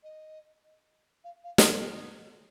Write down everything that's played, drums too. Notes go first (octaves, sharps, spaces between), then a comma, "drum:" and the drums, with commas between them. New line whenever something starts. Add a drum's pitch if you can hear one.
D#5
F5
F5
drum: snare